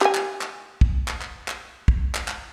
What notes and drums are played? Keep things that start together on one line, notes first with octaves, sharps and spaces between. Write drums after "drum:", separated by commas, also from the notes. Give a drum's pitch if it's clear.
G4 G#5, drum: clap
drum: clap
drum: clap
drum: kick
drum: clap
drum: clap
drum: clap
drum: kick
drum: clap
drum: clap